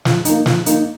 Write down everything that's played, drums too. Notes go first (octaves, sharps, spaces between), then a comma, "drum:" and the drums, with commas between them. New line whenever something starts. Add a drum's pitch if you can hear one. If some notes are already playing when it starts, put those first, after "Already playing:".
F3, drum: snare
A#3 D#4, drum: hi-hat
F3, drum: snare
A#3 D#4, drum: hi-hat